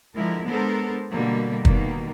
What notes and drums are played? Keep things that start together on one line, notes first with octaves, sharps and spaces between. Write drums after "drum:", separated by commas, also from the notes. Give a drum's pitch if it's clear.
D3 F3 G#3 E4 A#4
G#3 B3 D4 A4 A#4 C5
B2 D3 G3 A#3
B2 D#3 G3 A#3, drum: kick